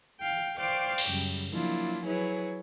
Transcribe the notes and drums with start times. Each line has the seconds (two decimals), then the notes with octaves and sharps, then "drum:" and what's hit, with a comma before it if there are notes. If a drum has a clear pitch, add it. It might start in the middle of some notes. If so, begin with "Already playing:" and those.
0.21 F5 G5
0.58 C5 D5 F5 G5 C#6 D6
0.98 drum: cymbal
1.09 F#2 C#3 G3
1.52 F3 F#3 A#3 D4 E4 F4
2.05 F#3 E4 G#4 B4 C#5